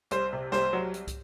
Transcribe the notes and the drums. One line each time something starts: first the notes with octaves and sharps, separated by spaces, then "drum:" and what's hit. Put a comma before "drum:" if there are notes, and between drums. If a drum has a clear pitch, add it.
C2 C5, drum: hi-hat
C3
C2 C5, drum: snare
F#3
drum: hi-hat
drum: kick, hi-hat